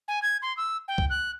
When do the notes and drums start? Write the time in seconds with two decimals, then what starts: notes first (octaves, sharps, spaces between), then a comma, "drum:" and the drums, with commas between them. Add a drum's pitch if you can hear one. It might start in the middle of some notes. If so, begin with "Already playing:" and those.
0.08 G#5
0.22 G#6
0.42 C6
0.57 E6
0.88 G5
0.98 drum: kick C2
1.10 F#6